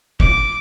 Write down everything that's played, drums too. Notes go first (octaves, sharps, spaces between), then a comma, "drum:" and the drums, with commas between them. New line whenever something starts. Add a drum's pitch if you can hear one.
D6, drum: kick